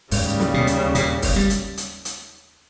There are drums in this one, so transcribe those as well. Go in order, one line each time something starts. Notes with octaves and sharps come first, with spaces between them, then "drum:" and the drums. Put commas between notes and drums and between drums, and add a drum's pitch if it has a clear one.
D#2 G#2 C#3 G3, drum: open hi-hat
drum: snare
B2
drum: hi-hat
A#2, drum: hi-hat
drum: kick, open hi-hat
G3
drum: hi-hat
drum: hi-hat
drum: hi-hat